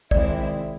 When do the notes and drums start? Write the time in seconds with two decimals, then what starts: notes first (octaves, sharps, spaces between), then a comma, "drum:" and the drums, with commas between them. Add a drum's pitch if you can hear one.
0.11 C3 D#3 G#3 C4 E4 D5, drum: kick